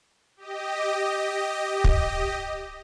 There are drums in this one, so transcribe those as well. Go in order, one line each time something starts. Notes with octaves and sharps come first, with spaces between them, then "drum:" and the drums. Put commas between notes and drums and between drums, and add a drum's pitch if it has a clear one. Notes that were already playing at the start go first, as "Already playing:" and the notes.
G4 D#5
drum: kick